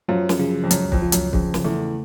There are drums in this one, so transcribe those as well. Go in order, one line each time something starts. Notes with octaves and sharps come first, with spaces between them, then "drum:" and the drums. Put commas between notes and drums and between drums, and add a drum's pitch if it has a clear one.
F#2 F3
drum: snare
C#3
F2
C#2 F#2, drum: hi-hat
F2, drum: kick
F3
F#2, drum: hi-hat
F2 C#3, drum: kick
drum: snare
E2 A3